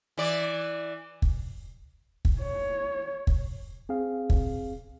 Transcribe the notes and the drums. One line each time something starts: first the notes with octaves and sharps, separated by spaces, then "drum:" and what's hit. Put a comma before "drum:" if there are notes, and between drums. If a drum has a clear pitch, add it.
E3 D5
drum: kick
drum: kick
C#5
drum: kick
C4 G#4 F5
drum: kick